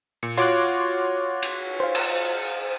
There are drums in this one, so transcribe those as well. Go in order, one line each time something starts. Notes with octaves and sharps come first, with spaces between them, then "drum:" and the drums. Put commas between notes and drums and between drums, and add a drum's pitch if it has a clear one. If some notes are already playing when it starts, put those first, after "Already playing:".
A#2 C#7
F4 F#4 C#5 C6 D6 F#6
drum: cymbal
C5 F5
drum: cymbal